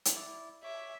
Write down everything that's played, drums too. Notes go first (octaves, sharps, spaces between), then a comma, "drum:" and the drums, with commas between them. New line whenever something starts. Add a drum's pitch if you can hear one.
drum: hi-hat
E4 D5
C#5 E5 D6